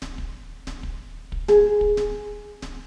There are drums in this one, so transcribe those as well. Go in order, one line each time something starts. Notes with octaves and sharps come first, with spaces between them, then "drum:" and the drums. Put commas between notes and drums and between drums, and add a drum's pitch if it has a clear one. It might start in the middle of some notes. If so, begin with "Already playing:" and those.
drum: snare D1
drum: kick
drum: snare D1
drum: kick
drum: kick
G#4, drum: snare D1
drum: kick
drum: snare D1
drum: snare D1